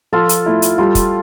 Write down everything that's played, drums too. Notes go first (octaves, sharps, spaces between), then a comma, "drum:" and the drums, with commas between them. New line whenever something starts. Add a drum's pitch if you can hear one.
F3 F4 A4
drum: hi-hat
A3 E4
drum: hi-hat
G3 F4 A4
drum: kick, hi-hat